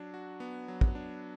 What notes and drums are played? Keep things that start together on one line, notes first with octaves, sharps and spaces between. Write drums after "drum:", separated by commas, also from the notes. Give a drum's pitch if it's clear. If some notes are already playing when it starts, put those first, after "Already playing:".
Already playing: F#3 D4
F#4
B3
F#3
drum: kick
D4